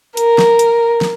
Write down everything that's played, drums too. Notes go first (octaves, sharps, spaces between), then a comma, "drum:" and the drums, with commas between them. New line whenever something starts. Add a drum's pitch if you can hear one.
A#4, drum: hi-hat
drum: snare
drum: hi-hat
drum: snare